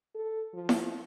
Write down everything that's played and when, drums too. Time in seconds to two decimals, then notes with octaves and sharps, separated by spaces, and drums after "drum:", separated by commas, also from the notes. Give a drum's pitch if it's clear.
0.15 A4
0.54 F3
0.69 drum: snare E4